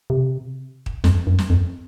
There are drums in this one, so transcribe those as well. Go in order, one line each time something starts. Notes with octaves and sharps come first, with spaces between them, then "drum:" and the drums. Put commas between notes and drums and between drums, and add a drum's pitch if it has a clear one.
C3
drum: kick
F2, drum: snare
F#2
drum: snare
F2